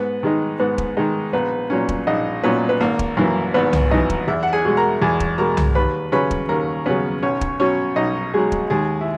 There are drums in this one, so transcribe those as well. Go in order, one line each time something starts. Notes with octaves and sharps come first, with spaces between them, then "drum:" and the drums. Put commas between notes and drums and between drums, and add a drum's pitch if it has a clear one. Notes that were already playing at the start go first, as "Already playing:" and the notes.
Already playing: G#2 B3 B4
D#3 G#3 D#4
G#2 B3 B4
drum: kick
D#3 G#3 D#4
A#1 B3 B4
A#2 F#3 C#4
drum: kick
A#1 D#4 D#5
A#2 F#3 B3 C#4 B4
B4
G#1 A#3 A#4
drum: kick
F#2 E3 A#3 A#4
G#1 B3 B4
drum: tom C2
F#2 E3 D#4 D#5
drum: kick
E2 E4 E5
F#5
G#4 G#5
B2 G#3
A#4 A#5
E2 G#4 G#5
drum: kick
B2 G#3 A#4 A#5
drum: tom C2
D#2 B4 B5
C#3 F#3 C#4 B4 B5
drum: kick
D#2 A#4 A#5
C#3 F#3 B3 C#4 B4
B1 C#4 C#5
drum: kick
B2 F#3 C#4 C#5
B1 D#4 D#5
B2 F#3 G#3 G#4
drum: kick
D#2 G#3 G#4
E4